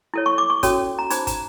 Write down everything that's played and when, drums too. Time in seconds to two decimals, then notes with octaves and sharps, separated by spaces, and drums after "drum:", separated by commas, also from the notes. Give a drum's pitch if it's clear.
0.14 E4 A4 C#5
0.26 C#6
0.38 D6
0.50 C#6
0.63 C#4 F#4 A4 C#5, drum: kick, hi-hat
0.99 A#5
1.10 D#4 G#4 C5 B5, drum: hi-hat
1.27 A#5, drum: kick, hi-hat